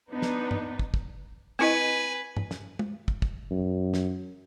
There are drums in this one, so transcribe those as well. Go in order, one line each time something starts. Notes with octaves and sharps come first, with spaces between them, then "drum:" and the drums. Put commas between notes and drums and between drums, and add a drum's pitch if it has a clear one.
B3 D4 D#4 B4
drum: snare
drum: tom G2
drum: kick
drum: kick
C4 E4 B4 D#5 G#5
drum: tom G2
drum: snare
drum: tom
drum: kick
drum: kick
F#2
drum: snare